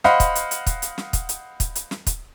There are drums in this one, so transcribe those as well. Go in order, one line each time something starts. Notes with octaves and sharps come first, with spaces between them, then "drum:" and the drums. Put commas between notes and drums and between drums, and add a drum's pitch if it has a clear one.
C5 D#5 F5 F#5 B5, drum: snare
drum: kick, hi-hat
drum: hi-hat
drum: hi-hat
drum: kick, hi-hat
drum: hi-hat
drum: snare
drum: kick, hi-hat
drum: hi-hat
drum: kick, hi-hat
drum: hi-hat
drum: snare
drum: kick, hi-hat